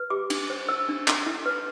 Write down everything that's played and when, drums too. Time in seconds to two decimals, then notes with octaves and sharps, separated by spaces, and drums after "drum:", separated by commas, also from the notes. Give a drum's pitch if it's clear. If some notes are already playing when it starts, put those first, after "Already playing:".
Already playing: B4
0.10 G4 D6
0.30 D4, drum: cymbal
0.50 C5
0.69 C5 E6
0.89 D4
1.08 D4, drum: clap
1.26 E4
1.46 B4